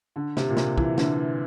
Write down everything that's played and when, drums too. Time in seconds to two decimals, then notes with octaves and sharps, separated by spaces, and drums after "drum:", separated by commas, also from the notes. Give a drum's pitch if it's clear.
0.16 D3
0.37 C3, drum: snare
0.49 A#2
0.57 C3, drum: snare
0.78 E3, drum: kick
0.98 D3, drum: snare